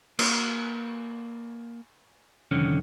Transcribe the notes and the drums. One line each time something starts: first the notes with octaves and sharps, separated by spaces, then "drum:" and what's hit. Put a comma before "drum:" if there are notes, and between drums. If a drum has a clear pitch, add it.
A#3, drum: cymbal
C2 F2 D3 D#3 C#4